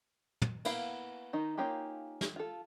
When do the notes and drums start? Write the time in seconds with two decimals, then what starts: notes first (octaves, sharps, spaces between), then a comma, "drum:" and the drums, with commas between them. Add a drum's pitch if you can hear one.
0.42 drum: tom
0.65 A#3 B3 E4 F5, drum: cymbal
1.33 D#3 D#4
1.57 A#3 C#4 D#4 F4 G4
2.21 drum: snare
2.36 F4 A4